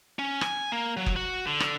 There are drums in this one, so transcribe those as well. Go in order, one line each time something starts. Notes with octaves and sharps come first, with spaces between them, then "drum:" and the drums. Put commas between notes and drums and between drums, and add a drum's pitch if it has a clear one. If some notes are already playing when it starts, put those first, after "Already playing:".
C#4
G#5, drum: rim click
A#3
F#3
drum: kick F#1
F#4
D3
drum: rim click